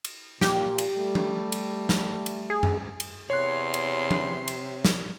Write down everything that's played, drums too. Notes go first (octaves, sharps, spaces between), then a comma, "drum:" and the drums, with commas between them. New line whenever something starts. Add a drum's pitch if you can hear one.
drum: cymbal
A#2 G4, drum: snare
drum: cymbal
G3 A3
drum: tom F3
drum: cymbal
drum: snare
drum: cymbal
G#4
drum: tom F#2
drum: cymbal
E2 C3 C#5 C6 F#6
drum: cymbal
drum: tom F3
drum: cymbal
drum: snare